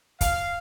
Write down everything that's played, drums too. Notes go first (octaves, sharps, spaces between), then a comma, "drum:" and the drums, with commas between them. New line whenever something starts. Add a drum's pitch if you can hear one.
F5, drum: kick, hi-hat